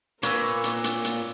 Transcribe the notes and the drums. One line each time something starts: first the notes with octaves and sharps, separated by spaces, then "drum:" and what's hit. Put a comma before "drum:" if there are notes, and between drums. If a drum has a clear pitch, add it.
A#2 A#3 A#4 B4 C#5 D6 E6, drum: hi-hat
drum: hi-hat
drum: hi-hat
drum: hi-hat